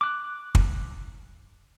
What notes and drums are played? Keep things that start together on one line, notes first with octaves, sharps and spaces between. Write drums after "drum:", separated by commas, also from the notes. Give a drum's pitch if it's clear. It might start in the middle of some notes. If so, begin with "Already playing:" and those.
D6 F#6
drum: kick